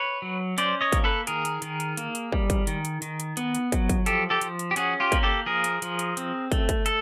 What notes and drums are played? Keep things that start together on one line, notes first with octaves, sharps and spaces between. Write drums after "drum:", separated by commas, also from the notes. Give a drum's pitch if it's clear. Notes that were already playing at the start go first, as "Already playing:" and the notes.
Already playing: B4 C#5
F#3
C#4 C5 D5, drum: hi-hat
C#5 D#5
A#3, drum: kick, hi-hat
A4 B4
D#3 G#4 A#4, drum: hi-hat
drum: hi-hat
D#3, drum: hi-hat
drum: hi-hat
A#3, drum: hi-hat
drum: hi-hat
G3, drum: kick
drum: kick, hi-hat
D#3, drum: hi-hat
drum: hi-hat
D#3, drum: hi-hat
drum: hi-hat
B3, drum: hi-hat
drum: hi-hat
F#3, drum: kick, hi-hat
drum: kick, hi-hat
F3 G4 A4, drum: hi-hat
G4 A4
F3, drum: hi-hat
drum: hi-hat
G4
C#4 F#4 G#4, drum: hi-hat
F4 G4
A#3, drum: kick, hi-hat
G4 A4
F3 G#4 A#4
drum: hi-hat
F3, drum: hi-hat
drum: hi-hat
C4, drum: hi-hat
A3, drum: kick, hi-hat
drum: kick, hi-hat
A4, drum: hi-hat